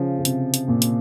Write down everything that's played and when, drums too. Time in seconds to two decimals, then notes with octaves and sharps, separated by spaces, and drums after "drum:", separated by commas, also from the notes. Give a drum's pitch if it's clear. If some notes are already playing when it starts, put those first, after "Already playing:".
Already playing: C#3 F3
0.19 C#3
0.25 C3, drum: hi-hat
0.54 drum: hi-hat
0.68 A#2
0.82 drum: hi-hat